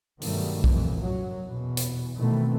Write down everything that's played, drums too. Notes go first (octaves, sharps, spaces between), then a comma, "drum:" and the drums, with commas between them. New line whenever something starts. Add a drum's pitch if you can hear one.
G2 B2 D#3 F#3 G3 A3, drum: open hi-hat
C2 F2 A#2 E3, drum: kick B1
F#2 F#3
E2 B2
drum: hi-hat
B2 D#3 E3 A3 C4